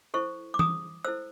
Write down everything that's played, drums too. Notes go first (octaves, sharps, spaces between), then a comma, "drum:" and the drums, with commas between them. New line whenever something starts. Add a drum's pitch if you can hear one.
E4 A4 C5 C#6
D6
D#6, drum: tom E3
E4 A4 C5 E6